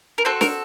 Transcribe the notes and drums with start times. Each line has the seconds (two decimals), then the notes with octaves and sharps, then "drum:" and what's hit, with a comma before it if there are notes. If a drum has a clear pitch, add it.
0.18 A#4
0.25 C4 F#4 A4 C5
0.41 A#4, drum: snare